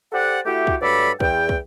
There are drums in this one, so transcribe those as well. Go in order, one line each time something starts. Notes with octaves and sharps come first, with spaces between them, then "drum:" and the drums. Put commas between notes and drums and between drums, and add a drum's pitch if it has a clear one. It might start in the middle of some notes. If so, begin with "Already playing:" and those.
G4 A4 C5 D5 F#5
A3 E4 F#4 G4
drum: kick
G2 F#3 A3 A4 D5 B5
E2 G5, drum: kick
drum: kick